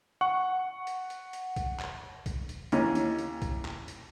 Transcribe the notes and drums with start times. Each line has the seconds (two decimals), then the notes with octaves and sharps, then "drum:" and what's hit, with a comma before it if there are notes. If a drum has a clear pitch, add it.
0.21 F#5 C#6
0.87 drum: hi-hat
1.10 drum: hi-hat
1.33 drum: hi-hat
1.56 drum: kick, hi-hat
1.80 drum: clap
2.26 drum: kick, hi-hat
2.49 drum: hi-hat
2.72 D#2 E3 C#4, drum: hi-hat
2.95 drum: hi-hat
3.19 drum: hi-hat
3.42 drum: kick, hi-hat
3.65 drum: clap
3.88 drum: hi-hat